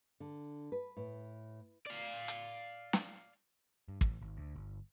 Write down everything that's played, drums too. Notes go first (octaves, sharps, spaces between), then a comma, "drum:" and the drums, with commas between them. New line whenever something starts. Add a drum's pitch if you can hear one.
D3
B4
A2
D5 F5
drum: hi-hat
drum: snare
G2
A1, drum: kick
G#1
D2
G1